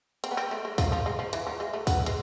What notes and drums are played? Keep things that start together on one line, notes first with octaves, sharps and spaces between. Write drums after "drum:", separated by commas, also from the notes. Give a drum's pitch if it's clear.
C4, drum: hi-hat
B3
C4
A3
G#3
F3, drum: kick, open hi-hat
F3
G#3
F3
E3, drum: hi-hat
F3
G#3
A3
B3, drum: kick, open hi-hat
G#3, drum: hi-hat